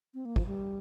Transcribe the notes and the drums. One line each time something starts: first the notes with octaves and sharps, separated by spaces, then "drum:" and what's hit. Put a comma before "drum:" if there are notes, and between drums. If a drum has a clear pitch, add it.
C4
A#3
F3, drum: kick
G3